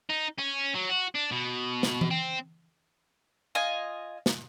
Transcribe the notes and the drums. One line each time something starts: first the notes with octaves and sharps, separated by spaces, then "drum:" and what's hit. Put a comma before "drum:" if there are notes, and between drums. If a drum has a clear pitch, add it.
D#4
C#4
F#3
F#4
D4
B2
drum: snare
drum: tom E3
C4
F4 D#5 G#5
drum: snare